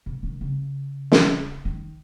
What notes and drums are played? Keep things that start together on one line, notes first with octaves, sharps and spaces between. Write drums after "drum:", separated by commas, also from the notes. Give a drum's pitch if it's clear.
B2
D#3
C#3
drum: snare
D#3